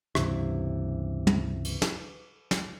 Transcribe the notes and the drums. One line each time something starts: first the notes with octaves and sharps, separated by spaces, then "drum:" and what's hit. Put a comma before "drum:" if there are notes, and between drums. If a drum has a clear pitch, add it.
C#2 G2 C3 E3, drum: rim click
drum: tom
drum: cymbal
drum: snare
drum: snare